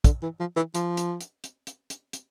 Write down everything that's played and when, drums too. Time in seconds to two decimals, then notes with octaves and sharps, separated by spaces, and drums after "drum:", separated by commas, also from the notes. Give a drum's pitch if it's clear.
0.04 D3, drum: kick, hi-hat
0.22 E3
0.40 F3
0.56 E3
0.75 F3, drum: hi-hat
0.97 drum: hi-hat
1.21 drum: hi-hat
1.44 drum: hi-hat
1.67 drum: hi-hat
1.90 drum: hi-hat
2.13 drum: hi-hat